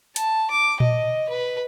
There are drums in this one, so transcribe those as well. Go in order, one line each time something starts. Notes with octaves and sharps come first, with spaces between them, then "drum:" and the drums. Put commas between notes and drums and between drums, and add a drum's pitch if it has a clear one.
A5, drum: hi-hat
D6
D#5, drum: tom A#2
B4